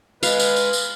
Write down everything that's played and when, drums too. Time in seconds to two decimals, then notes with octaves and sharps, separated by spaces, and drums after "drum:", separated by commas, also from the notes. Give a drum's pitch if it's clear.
0.23 G#3 B4 F5, drum: tambourine
0.39 drum: tambourine
0.56 drum: tambourine
0.73 drum: tambourine